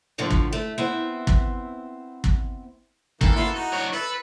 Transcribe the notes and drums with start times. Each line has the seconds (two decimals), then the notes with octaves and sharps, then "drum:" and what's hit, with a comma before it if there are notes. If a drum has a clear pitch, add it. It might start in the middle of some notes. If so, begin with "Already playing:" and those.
0.18 A2 D3 F3 A3
0.30 drum: kick
0.53 A3
0.78 B3 C4 E4 C5 E5
1.27 drum: kick
2.24 drum: kick
3.21 D#3 E3 A#3 A4, drum: kick
3.36 A#3 B3 E4 C6
3.55 D#4 F#4
3.73 D4 C#5
3.93 A4 B4